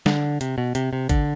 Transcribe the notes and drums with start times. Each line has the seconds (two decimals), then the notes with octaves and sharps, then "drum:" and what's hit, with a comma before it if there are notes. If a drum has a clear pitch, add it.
0.06 D3, drum: snare
0.41 C3, drum: hi-hat
0.58 B2
0.75 C3, drum: hi-hat
0.93 C3
1.09 D3, drum: kick, hi-hat